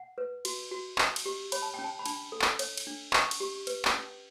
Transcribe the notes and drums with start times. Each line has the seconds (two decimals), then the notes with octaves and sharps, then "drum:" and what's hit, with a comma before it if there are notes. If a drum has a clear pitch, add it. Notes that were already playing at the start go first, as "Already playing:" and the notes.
Already playing: F#5
0.18 B4
0.45 F#4, drum: cymbal
0.71 F#4
0.98 C#4, drum: clap
1.16 drum: cymbal
1.26 G4
1.52 C#5 B5, drum: cymbal
1.62 A5
1.74 C#4 G5
1.84 A5
1.99 B5
2.06 D4 A5, drum: cymbal
2.32 A4
2.42 drum: clap
2.59 C#5, drum: cymbal
2.77 drum: cymbal
2.87 D4
3.13 C#4 C#6, drum: clap
3.31 drum: cymbal
3.40 G4
3.67 B4, drum: cymbal
3.85 drum: clap
3.94 C#4